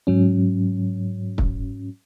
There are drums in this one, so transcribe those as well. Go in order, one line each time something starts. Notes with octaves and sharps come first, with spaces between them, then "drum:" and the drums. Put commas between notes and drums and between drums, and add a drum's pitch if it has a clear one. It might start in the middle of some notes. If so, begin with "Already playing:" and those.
G#2 F#3 C#4
drum: kick